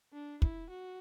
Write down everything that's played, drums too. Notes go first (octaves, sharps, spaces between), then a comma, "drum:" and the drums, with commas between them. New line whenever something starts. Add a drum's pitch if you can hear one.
D4
E4, drum: kick
F#4